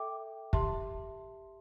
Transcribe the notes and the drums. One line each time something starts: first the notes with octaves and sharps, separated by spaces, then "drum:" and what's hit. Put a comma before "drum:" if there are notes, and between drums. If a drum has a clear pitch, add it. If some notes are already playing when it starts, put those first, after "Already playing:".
Already playing: A4 E5 G5 D6
G4 E5 A5 C6, drum: kick